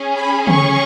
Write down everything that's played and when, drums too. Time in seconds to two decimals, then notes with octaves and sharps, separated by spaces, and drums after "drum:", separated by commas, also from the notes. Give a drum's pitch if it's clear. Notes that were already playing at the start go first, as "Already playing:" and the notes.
Already playing: C#4 G#4
0.16 B5
0.47 C#6, drum: tom